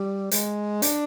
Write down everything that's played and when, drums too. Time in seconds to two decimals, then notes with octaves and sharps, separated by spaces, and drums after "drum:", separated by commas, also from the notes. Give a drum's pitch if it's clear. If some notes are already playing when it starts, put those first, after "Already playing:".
Already playing: G3
0.31 G#3, drum: hi-hat
0.82 D4, drum: hi-hat